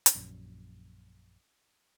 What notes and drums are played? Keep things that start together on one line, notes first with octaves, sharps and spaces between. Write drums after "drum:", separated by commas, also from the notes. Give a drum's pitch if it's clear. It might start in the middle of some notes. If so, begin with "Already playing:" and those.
drum: hi-hat
A#1 F#2